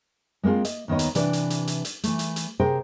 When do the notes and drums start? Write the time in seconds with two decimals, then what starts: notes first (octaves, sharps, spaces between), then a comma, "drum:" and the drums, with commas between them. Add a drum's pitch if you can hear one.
0.43 G#3 A#3 C4 F4 G#4
0.65 D#5, drum: hi-hat
0.88 D#2 D#3 B3 C#5 D#5
0.99 drum: hi-hat
1.15 C3 E3 D4 B4 D5, drum: hi-hat
1.33 drum: hi-hat
1.50 drum: hi-hat
1.67 drum: hi-hat
1.85 drum: hi-hat
2.04 E3 A3, drum: hi-hat
2.19 drum: hi-hat
2.36 drum: hi-hat
2.60 C3 G#4 A#4 C5 G5